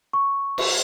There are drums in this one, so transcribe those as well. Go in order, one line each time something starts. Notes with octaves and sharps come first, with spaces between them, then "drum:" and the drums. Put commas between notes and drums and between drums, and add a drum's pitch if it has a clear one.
C#6
drum: cymbal